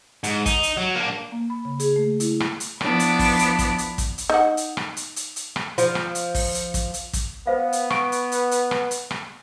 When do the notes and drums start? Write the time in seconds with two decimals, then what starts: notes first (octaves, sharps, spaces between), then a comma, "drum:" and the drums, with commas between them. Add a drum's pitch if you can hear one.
0.24 G#2, drum: hi-hat
0.46 D#4, drum: kick, hi-hat
0.63 drum: hi-hat
0.77 F#3
0.95 A#3 D4
1.32 A#3
1.50 B5
1.65 C#3
1.80 G#4, drum: hi-hat
1.96 A3
2.20 E4, drum: hi-hat
2.40 drum: rim click
2.60 drum: hi-hat
2.81 F3 B3 D4 E4, drum: rim click
3.00 drum: hi-hat
3.19 drum: kick, open hi-hat
3.39 drum: hi-hat
3.59 drum: kick, hi-hat
3.78 drum: hi-hat
3.98 drum: kick, hi-hat
4.18 drum: hi-hat
4.30 D#4 F#5
4.57 drum: hi-hat
4.77 drum: rim click
4.97 drum: hi-hat
5.16 drum: hi-hat
5.36 drum: hi-hat
5.56 drum: rim click
5.78 F3, drum: hi-hat
5.95 drum: rim click
6.15 drum: hi-hat
6.35 drum: kick, open hi-hat
6.54 drum: hi-hat
6.74 drum: kick, hi-hat
6.94 drum: hi-hat
7.13 drum: kick, hi-hat
7.47 B3 C5 F5
7.73 drum: hi-hat
7.90 C#6 D7, drum: rim click
8.12 drum: hi-hat
8.32 drum: hi-hat
8.51 drum: hi-hat
8.71 drum: rim click
8.91 drum: hi-hat
9.11 drum: rim click